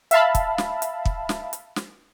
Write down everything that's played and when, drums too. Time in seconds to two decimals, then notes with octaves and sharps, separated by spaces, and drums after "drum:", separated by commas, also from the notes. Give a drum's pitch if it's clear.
0.11 E5 F5 A5 B5, drum: hi-hat
0.35 drum: kick, hi-hat
0.58 drum: snare
0.82 drum: hi-hat
1.05 drum: kick
1.29 drum: snare
1.53 drum: hi-hat
1.76 drum: snare